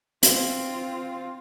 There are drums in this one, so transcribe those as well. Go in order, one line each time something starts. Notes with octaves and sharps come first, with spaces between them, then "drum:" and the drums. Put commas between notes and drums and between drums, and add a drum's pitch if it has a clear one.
C4 F4, drum: hi-hat